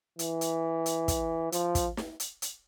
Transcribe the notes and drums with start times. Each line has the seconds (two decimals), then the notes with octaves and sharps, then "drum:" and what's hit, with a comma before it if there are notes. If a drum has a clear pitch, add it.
0.19 E3, drum: hi-hat
0.41 drum: hi-hat
0.86 drum: hi-hat
1.08 drum: kick, hi-hat
1.52 F3, drum: hi-hat
1.75 drum: kick, hi-hat
1.97 drum: snare
2.20 drum: hi-hat
2.42 drum: hi-hat